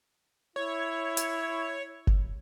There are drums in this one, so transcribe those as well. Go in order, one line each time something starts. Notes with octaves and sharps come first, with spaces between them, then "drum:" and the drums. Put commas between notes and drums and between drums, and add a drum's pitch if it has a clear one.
E4 C#5
drum: hi-hat
drum: kick F#1